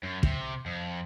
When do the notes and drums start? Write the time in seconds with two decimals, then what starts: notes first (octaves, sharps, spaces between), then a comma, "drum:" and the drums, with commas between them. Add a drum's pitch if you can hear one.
0.03 F#2
0.23 C3, drum: kick
0.66 F2